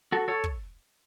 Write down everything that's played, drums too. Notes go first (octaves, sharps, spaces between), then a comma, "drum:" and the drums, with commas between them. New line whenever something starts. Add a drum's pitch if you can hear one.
F#4 A4
A4 C#5
drum: kick